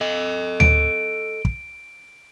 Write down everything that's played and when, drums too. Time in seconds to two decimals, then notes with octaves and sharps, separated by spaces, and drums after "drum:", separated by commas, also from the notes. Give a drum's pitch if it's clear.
0.01 A4 D#5
0.60 D7, drum: tom D2
1.45 drum: kick